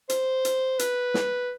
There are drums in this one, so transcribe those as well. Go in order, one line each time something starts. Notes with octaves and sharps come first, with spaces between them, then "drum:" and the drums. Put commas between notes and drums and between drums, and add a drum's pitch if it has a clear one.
C5, drum: hi-hat
drum: hi-hat
B4, drum: hi-hat
drum: snare